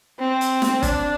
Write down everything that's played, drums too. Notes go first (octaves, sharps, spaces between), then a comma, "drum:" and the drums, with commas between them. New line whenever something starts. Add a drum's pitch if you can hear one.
C4
drum: hi-hat
drum: snare
D4, drum: kick G1, hi-hat